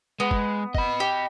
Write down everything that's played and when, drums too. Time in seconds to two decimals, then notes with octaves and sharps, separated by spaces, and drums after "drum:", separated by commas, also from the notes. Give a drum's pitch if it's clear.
0.20 G#3 B3
0.31 drum: kick F#1
0.75 D#5 B5, drum: kick F#1
1.00 G4